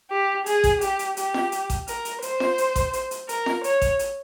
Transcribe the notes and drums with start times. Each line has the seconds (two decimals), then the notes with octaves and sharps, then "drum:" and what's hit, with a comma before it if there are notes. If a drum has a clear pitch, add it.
0.10 G4
0.46 G#4, drum: hi-hat
0.64 drum: kick A1, hi-hat
0.81 G4, drum: hi-hat
0.99 drum: hi-hat
1.17 G4, drum: hi-hat
1.34 drum: snare F4
1.52 drum: hi-hat
1.70 drum: kick A1, hi-hat
1.87 A#4, drum: hi-hat
2.05 drum: hi-hat
2.22 C5, drum: hi-hat
2.40 drum: snare F4
2.58 drum: hi-hat
2.76 drum: kick A1, hi-hat
2.93 drum: hi-hat
3.11 drum: hi-hat
3.29 A#4, drum: hi-hat
3.46 drum: snare F4
3.64 C#5, drum: hi-hat
3.82 drum: kick A1, hi-hat
3.99 drum: hi-hat